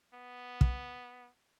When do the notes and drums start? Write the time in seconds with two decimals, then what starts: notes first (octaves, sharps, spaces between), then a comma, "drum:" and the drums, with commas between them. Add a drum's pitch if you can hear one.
0.14 B3
0.61 drum: kick